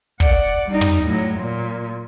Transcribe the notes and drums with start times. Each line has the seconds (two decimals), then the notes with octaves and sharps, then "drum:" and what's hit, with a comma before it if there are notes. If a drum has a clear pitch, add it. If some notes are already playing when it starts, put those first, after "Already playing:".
0.20 D5 F#5, drum: kick
0.67 G3 D#4
0.81 drum: tom
1.07 A2 F#3
1.40 A#2